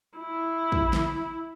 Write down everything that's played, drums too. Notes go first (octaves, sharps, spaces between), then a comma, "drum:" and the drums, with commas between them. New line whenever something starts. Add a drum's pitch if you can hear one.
E4
drum: kick
drum: snare